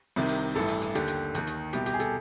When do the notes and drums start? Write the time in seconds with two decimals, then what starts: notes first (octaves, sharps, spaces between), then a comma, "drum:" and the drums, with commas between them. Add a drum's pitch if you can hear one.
0.16 C2 C3 D#3, drum: open hi-hat
0.29 drum: hi-hat
0.55 A1 G2 E3 A4, drum: open hi-hat
0.68 drum: hi-hat
0.81 drum: hi-hat
0.95 D#2 D3 G4, drum: hi-hat
1.08 drum: hi-hat
1.35 D#2 D#3, drum: hi-hat
1.47 drum: hi-hat
1.73 C2 B2 G4, drum: hi-hat
1.86 G4, drum: hi-hat
1.94 G#4
2.00 A4, drum: hi-hat